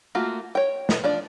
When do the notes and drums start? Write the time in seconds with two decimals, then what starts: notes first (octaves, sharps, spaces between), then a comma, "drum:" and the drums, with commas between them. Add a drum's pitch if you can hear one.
0.15 A3 A#3 F4 F#4
0.55 C#5 G5
0.89 drum: snare
1.04 F3 D4 D5